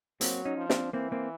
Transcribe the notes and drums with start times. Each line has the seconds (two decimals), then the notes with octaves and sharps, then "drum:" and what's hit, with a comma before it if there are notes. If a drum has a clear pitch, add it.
0.21 F#3 A#3 C4, drum: hi-hat
0.45 C#4 D#4
0.57 F3
0.70 C4 D4, drum: snare
0.93 E3 A#3 C4
1.12 A#3 C4